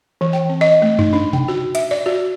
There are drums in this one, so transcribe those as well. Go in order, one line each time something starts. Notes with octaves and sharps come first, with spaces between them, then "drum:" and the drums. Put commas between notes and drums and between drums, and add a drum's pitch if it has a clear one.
E3
G5
C4
D#5
A3
D#4, drum: tom F#2
D4
G5, drum: tom B2
F#4
E5, drum: hi-hat
D5
F#4